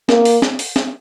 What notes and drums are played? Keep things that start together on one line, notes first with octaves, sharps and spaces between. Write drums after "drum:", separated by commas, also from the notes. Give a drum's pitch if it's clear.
A#3, drum: snare
drum: open hi-hat
drum: snare
drum: open hi-hat
drum: snare